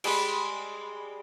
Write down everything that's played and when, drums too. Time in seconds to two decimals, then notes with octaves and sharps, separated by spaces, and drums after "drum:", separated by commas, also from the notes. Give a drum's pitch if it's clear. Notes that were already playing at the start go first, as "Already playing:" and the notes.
0.04 G3 G#3 D5 B5, drum: cymbal